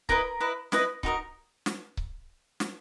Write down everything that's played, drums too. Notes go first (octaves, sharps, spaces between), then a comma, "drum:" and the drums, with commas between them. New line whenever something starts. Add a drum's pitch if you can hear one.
E4 A#4 B4 D#5 A#5, drum: kick C#1
E4 B4 D#5
E4 B4 D#5, drum: snare
D#4 F#4 A#4 D#5, drum: kick C#1
drum: snare
drum: kick C#1
drum: snare